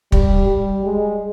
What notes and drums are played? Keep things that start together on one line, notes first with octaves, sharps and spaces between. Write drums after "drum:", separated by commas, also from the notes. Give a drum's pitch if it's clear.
G3, drum: kick
G3
G#3